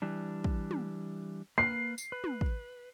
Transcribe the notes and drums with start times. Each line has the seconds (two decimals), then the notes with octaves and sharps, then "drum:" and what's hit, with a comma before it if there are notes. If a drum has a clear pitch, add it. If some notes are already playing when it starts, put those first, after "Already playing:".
0.02 E3 G3 D4
0.44 drum: kick
0.71 drum: tom
1.58 A#3 B4 C7
1.98 drum: tambourine
2.12 B4
2.24 drum: tom
2.41 drum: kick